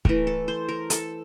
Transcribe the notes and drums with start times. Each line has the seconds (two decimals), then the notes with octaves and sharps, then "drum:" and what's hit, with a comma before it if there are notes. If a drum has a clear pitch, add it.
0.05 E3 A3 A#4, drum: kick
0.27 A4
0.48 C5
0.69 A#4
0.90 A4, drum: hi-hat